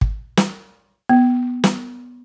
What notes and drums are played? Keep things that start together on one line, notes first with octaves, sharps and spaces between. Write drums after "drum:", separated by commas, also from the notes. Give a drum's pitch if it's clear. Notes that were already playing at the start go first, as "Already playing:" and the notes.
drum: kick
drum: snare
B3
drum: snare